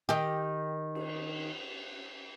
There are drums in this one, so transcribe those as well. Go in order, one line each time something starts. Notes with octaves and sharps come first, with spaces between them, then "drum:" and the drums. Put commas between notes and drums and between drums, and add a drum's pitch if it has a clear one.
D#3 G4
drum: cymbal